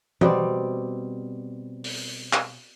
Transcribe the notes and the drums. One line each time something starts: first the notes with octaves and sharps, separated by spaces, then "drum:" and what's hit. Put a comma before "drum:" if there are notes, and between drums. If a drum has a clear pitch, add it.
B2 G3 C4 D5, drum: tom E3
drum: open hi-hat
drum: clap